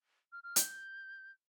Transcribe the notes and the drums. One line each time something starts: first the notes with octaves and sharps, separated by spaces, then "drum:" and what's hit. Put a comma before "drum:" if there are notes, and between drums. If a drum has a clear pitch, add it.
F6
F6
G6, drum: hi-hat